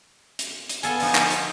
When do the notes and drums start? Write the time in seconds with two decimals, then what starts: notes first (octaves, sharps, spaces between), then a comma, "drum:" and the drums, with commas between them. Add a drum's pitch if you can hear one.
0.39 drum: hi-hat
0.69 drum: hi-hat
0.83 B3 F4 A4 G#5, drum: hi-hat
1.00 D3 F3 D#4, drum: open hi-hat
1.15 drum: clap
1.30 drum: hi-hat